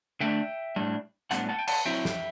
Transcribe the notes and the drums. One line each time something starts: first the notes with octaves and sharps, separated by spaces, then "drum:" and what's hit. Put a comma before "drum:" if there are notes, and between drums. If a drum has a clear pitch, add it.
D3 A3 D4 E5 G5
A2 G3 D4
A2 G3 B3 D4 F#5 A5, drum: hi-hat
F#5 A5
G5
F#5 A5, drum: cymbal
F#3 C4 E4 E5 G5
drum: snare